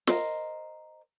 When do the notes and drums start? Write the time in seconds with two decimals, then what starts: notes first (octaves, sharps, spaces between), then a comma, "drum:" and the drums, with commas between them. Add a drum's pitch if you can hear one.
0.07 A#4 C5 D#5, drum: snare